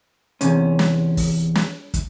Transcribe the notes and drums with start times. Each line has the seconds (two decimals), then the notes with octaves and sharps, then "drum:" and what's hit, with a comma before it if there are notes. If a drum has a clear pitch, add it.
0.41 E2 C3 C#4, drum: hi-hat
0.79 drum: snare
1.17 drum: kick, open hi-hat
1.55 drum: snare
1.94 drum: kick, hi-hat